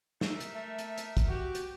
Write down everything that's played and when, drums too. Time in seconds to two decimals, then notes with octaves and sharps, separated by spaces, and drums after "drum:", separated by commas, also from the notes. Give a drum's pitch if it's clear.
0.21 D#4 A#4 E5, drum: snare
0.40 drum: hi-hat
0.54 A3
0.79 drum: hi-hat
0.98 drum: hi-hat
1.17 drum: kick, hi-hat
1.28 F#4 G4
1.55 drum: hi-hat